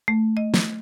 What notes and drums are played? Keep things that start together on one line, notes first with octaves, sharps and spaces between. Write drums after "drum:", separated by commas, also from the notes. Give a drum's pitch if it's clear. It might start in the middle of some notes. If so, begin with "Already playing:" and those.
A3
D#5
drum: snare